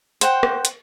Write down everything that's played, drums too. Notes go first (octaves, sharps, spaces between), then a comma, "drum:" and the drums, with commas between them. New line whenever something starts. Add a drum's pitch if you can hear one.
C5 F#5 G5, drum: hi-hat
drum: rim click
drum: hi-hat